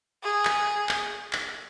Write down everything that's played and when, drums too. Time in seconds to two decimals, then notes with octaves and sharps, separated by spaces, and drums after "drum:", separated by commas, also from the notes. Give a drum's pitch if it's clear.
0.24 G#4
0.45 drum: clap
0.89 drum: clap
1.33 drum: clap